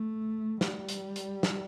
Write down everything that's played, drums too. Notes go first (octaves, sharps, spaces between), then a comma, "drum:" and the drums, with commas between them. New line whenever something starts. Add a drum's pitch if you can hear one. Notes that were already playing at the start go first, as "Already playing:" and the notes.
Already playing: A3
G3, drum: snare
drum: hi-hat
drum: hi-hat
drum: snare